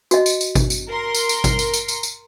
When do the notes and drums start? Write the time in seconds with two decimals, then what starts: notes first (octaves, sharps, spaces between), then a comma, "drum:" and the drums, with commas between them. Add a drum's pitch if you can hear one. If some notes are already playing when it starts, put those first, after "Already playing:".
0.11 F#4 D#5, drum: tambourine
0.26 drum: tambourine
0.41 drum: tambourine
0.55 drum: kick G#1, tambourine
0.70 drum: tambourine
0.89 A#4 C6
1.15 drum: tambourine
1.29 drum: tambourine
1.44 drum: kick G#1, tambourine
1.59 drum: tambourine
1.74 drum: tambourine
1.88 drum: tambourine
2.03 drum: tambourine